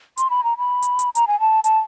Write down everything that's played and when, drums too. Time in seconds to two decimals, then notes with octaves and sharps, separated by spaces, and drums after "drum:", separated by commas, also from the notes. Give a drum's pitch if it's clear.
0.17 C6, drum: hi-hat
0.30 B5
0.44 A#5
0.58 B5
0.82 drum: hi-hat
0.99 drum: hi-hat
1.15 A#5, drum: hi-hat
1.27 G#5
1.40 A5
1.64 A5, drum: hi-hat